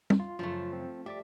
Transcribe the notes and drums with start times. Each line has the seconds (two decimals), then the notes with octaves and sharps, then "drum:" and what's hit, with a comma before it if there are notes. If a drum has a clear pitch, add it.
0.10 drum: tom
0.20 F4
0.39 F#2 A2 C#3 F3 A3
0.73 C4
1.06 G4 D5 E5 D6